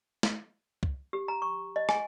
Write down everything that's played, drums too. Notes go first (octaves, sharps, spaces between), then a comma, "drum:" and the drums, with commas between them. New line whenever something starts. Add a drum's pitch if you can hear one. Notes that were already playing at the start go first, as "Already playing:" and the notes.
drum: snare
drum: kick
G4
A#5
C#6
D#5
G#5, drum: rim click